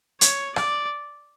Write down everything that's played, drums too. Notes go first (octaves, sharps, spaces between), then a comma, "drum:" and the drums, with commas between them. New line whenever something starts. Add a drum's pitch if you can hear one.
C#5, drum: hi-hat
D5, drum: rim click